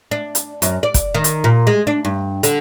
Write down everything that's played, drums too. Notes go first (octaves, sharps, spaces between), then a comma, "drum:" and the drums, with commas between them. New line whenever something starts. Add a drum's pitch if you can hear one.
D4
drum: hi-hat
F#2, drum: hi-hat
D5
drum: kick, hi-hat
D#3
drum: hi-hat
A#2
G#3
D4
G2
D3, drum: hi-hat